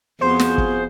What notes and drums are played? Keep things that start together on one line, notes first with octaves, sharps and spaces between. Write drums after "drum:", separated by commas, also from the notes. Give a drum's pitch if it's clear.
F2 B3 F4 F#4 G#4 C5
drum: snare
drum: kick